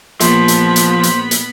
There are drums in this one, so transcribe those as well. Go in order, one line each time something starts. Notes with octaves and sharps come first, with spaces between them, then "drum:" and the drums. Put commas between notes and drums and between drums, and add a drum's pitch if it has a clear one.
A#1 F3 B3 C5 B5, drum: hi-hat
drum: hi-hat
drum: hi-hat
drum: hi-hat
drum: hi-hat